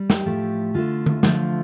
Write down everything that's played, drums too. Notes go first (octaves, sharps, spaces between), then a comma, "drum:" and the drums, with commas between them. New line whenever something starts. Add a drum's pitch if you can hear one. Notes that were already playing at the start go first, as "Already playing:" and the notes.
Already playing: G3
G4, drum: snare
A2 F3 A3
D3 A3 F4
drum: tom D3
D3 F3 A3, drum: snare